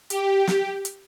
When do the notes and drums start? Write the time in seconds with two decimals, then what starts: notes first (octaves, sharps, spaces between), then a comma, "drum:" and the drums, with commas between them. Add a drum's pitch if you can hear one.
0.10 G4, drum: hi-hat
0.47 drum: snare
0.85 drum: hi-hat